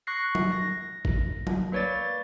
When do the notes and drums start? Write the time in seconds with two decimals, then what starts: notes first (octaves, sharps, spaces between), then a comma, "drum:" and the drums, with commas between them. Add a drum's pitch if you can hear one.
0.07 C#6 F#6 A#6 C7
0.35 drum: tom F#3
0.52 A#6
1.05 drum: kick G#1
1.47 drum: tom F#3
1.72 A#3 B4 C#5 D5 A6